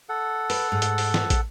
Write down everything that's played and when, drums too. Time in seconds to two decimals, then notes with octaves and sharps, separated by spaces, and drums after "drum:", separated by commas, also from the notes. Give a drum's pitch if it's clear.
0.09 A4 F#5
0.50 B4, drum: open hi-hat
0.72 G#2
0.82 drum: hi-hat
0.98 drum: open hi-hat
1.14 drum: snare
1.30 drum: kick, hi-hat